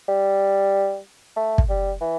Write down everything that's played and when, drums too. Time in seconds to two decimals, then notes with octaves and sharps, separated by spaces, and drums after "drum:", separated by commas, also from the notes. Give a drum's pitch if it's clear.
0.08 G3
1.37 A3
1.58 drum: kick
1.69 G3
2.01 E3